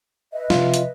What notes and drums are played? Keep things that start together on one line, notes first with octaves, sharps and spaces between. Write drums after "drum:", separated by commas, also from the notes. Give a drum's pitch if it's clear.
B4 D#5 E5
C3 F3 F4, drum: snare
drum: hi-hat